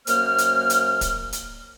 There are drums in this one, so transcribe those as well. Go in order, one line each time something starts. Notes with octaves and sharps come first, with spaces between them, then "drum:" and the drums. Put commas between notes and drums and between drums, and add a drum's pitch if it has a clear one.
F#2 A#3 C5 F6, drum: hi-hat
drum: hi-hat
drum: hi-hat
drum: kick, hi-hat
drum: hi-hat